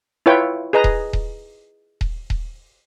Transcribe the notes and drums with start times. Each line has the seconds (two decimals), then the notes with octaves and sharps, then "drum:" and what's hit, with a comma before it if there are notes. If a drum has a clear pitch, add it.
0.26 E4 F4 B4 C#5 G5
0.73 G#4 B4 D#5 A#5
0.84 drum: kick D#1
1.13 drum: kick D#1
2.01 drum: kick D#1
2.30 drum: kick D#1